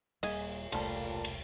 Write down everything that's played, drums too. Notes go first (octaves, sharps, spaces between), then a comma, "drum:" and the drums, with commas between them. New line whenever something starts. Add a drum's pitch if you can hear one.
D#1 G3 A#3 G#4 D#5 G#5, drum: cymbal
E1 C2 A#2 F3 G3 A3 A5, drum: cymbal
drum: cymbal